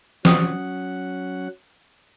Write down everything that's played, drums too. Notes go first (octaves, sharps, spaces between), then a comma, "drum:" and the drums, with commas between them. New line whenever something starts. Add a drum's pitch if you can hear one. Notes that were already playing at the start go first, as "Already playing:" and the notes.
F#3 C#4 F#5 C#6 D#6, drum: snare